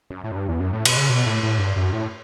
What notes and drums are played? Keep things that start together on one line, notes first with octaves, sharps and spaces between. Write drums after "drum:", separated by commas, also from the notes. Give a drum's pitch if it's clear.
F#2
A2
F#2
G2
E2
F#2
A2
B2, drum: cymbal
C#3
B2
A2
A2
G2
F#2
A2